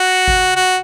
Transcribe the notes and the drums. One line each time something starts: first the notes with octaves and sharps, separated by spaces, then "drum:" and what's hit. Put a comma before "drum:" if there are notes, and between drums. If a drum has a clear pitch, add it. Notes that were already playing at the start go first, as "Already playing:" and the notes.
Already playing: F#4
drum: kick G#1
F#4